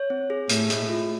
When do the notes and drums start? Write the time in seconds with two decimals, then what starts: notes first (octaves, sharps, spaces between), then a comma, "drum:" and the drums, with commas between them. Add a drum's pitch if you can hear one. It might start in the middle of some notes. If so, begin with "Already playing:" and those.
Already playing: C#5
0.10 C4
0.30 G#4
0.49 A2 G#4, drum: hi-hat
0.70 A3, drum: hi-hat
0.90 F4